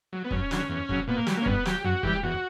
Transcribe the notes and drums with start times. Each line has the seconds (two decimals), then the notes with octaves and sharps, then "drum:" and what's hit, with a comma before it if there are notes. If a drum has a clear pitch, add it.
0.13 F#3
0.24 B3
0.31 F#2 C#4, drum: kick
0.51 D3 F#3, drum: snare
0.69 E2
0.89 C#3 F#3, drum: kick
1.07 A#2 B3
1.17 A#3
1.27 F#3 G3, drum: snare
1.37 A#3
1.42 C#4
1.46 G2 B3, drum: kick
1.65 F#3 G4, drum: snare
1.84 F#2 F#4
2.03 E3 G3 G4, drum: kick
2.23 E2 F#4